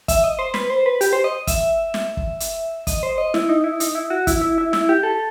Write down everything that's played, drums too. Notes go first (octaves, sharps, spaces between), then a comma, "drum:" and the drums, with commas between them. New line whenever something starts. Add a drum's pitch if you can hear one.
E5, drum: kick, hi-hat
D#5
C5
B4, drum: snare
C5
B4
G4, drum: hi-hat
C5
D#5
E5, drum: kick, hi-hat
drum: snare
drum: kick
drum: hi-hat
D#5, drum: kick, hi-hat
C5
D#5
E4, drum: snare
D#4
E4
D#4, drum: hi-hat
E4
F#4
E4, drum: kick, hi-hat
E4
E4
E4, drum: snare
G4
A4